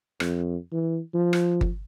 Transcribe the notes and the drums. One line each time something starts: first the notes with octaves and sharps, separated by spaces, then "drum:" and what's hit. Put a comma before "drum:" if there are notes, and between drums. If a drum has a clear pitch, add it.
F2, drum: rim click
E3
F3
drum: rim click
drum: kick G1